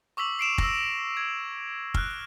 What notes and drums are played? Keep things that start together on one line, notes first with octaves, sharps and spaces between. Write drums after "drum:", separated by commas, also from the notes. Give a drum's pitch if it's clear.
C#6 D6 E6 B6 F#7
C7 D7 E7 F7
E6 A#6, drum: kick
G#6
F6 F#6, drum: kick